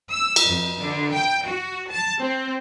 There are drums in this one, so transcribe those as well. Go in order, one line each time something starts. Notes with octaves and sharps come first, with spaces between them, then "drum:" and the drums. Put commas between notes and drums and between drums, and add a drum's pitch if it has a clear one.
E6
drum: cymbal
F2
D3
G5
F#4
A5
C4